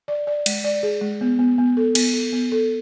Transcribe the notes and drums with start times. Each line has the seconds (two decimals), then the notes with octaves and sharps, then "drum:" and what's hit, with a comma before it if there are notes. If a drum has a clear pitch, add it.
0.08 D5
0.27 D5
0.46 G#3, drum: cymbal
0.64 D5
0.83 G#4
1.01 G#3
1.21 B3
1.39 B3
1.58 B3
1.77 A4
1.95 B3, drum: cymbal
2.13 A4
2.33 B3
2.52 A4